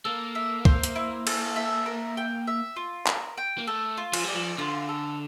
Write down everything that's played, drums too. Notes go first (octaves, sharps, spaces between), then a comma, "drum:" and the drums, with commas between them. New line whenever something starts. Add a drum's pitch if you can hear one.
A#3 A4
E5
C5, drum: kick
drum: hi-hat
E4
A4, drum: cymbal
E5
A#4
G5
E5
F4
A#4, drum: clap
G5
A#3
A3 A4
F4
F3, drum: cymbal
G3 D5
F3
D3 F4
A4